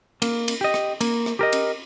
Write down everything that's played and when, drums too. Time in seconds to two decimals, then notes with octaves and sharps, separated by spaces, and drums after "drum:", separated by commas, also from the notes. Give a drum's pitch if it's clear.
0.22 A#3, drum: cymbal
0.48 drum: cymbal
0.61 G4 D#5
0.74 drum: rim click
1.01 A#3, drum: cymbal
1.26 drum: rim click
1.39 G4 A#4 D#5
1.53 drum: cymbal